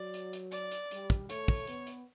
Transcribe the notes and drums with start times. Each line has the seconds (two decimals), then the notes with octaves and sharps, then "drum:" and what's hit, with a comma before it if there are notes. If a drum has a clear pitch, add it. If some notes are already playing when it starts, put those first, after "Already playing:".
Already playing: F#3 D5
0.14 drum: hi-hat
0.33 drum: hi-hat
0.52 D5, drum: hi-hat
0.72 drum: hi-hat
0.91 G3, drum: hi-hat
1.10 drum: kick, hi-hat
1.30 A3 C#5, drum: hi-hat
1.48 drum: kick, open hi-hat
1.67 B3, drum: hi-hat
1.87 drum: hi-hat